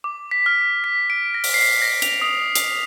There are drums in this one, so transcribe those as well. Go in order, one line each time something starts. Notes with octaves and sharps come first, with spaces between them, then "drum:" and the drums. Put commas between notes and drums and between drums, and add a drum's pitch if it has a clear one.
D6
B6
F6
B6
D7
A#6
drum: open hi-hat
C7
A#6
F7, drum: hi-hat
D#6
drum: hi-hat